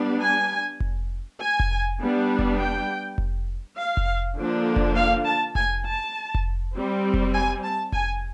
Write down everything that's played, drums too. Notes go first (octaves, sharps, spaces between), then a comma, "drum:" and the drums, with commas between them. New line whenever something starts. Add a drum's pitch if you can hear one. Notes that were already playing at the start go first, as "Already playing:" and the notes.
Already playing: G3 B3 D4
G#5
drum: kick F1
G#5
drum: kick F1
G3 B3 D4
drum: kick F1
G5
drum: kick F1
F5
drum: kick F1
D3 F3 A#3 D4
drum: kick F1
F5
A5
G#5, drum: kick F1
A5
drum: kick F1
G3 C4
drum: kick F1
G#5
A5
G#5, drum: kick F1